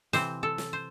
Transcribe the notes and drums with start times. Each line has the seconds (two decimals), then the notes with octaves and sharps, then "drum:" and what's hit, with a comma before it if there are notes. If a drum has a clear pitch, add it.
0.13 C3 E3 C4 C5, drum: snare
0.43 A4
0.58 drum: snare
0.73 C5